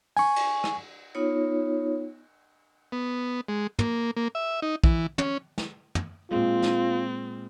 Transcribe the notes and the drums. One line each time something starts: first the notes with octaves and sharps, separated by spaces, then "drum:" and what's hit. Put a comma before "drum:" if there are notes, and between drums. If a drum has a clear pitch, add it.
G#5 C#6, drum: open hi-hat
drum: cymbal
drum: rim click
B3 D#4 F4 C#5
B3
G#3
A#3, drum: tom
A#3
E5
D#4
E3, drum: kick
C#4, drum: tom
drum: snare
drum: tom
A#2 G#3 C4 F4
drum: snare